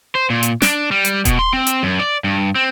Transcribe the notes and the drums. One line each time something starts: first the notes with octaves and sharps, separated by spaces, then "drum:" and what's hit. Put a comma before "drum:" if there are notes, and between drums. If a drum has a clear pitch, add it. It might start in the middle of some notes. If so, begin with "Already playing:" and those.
C5
A#2
drum: hi-hat
D4, drum: snare
G3
drum: hi-hat
B2, drum: kick D#1, hi-hat
C6
C4
drum: hi-hat
F#2
D5
G2
C4